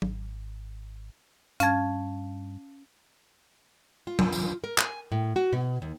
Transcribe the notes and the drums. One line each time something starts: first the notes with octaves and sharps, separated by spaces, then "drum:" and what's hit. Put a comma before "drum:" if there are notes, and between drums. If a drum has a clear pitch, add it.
G#1, drum: tom
G2 C#4 F5 A5 G#6, drum: hi-hat
F4
drum: tom
drum: tambourine
A#4
G#5, drum: clap
A2
F#4
B2
D#2